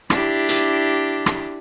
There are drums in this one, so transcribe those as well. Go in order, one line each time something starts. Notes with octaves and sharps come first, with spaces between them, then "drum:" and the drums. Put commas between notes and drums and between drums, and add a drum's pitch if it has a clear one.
D4 E4 G4, drum: rim click
drum: hi-hat
drum: rim click